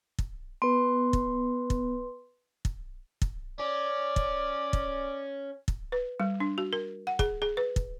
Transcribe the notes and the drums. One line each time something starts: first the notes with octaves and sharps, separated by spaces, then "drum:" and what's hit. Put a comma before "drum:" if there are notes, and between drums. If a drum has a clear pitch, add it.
drum: kick
B3 B4 C6
drum: kick
drum: kick
drum: kick
drum: kick
C#4 D5
drum: kick
drum: kick
drum: kick
B4
G3
D4
F#4
A#4
F#5
G#4, drum: kick
G#4
B4
drum: kick